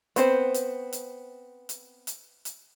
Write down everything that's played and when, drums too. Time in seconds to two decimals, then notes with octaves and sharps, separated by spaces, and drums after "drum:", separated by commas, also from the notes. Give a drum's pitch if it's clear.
0.16 B3 C4 C5, drum: hi-hat
0.54 drum: hi-hat
0.93 drum: hi-hat
1.69 drum: hi-hat
2.07 drum: hi-hat
2.45 drum: hi-hat